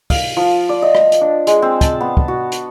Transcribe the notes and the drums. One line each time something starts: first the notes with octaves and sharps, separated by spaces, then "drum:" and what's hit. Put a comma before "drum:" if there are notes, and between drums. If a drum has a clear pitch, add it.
F5, drum: kick, open hi-hat
F3
D5
D#5
drum: rim click
drum: hi-hat
D4
G#3, drum: hi-hat
C4
A5, drum: kick, hi-hat
B3
drum: kick
F#4
drum: hi-hat